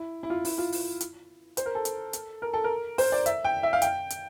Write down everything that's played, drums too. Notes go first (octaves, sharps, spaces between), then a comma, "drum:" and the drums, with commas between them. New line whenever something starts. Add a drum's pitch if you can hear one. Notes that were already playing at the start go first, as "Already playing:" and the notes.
Already playing: E4
E4
F4
E4, drum: open hi-hat
F4
drum: open hi-hat
drum: hi-hat
C5, drum: hi-hat
A#4
A4
drum: hi-hat
drum: hi-hat
A#4
A4
A#4
C5, drum: open hi-hat
D5
E5, drum: hi-hat
G5
E5
F5
G5, drum: hi-hat
drum: hi-hat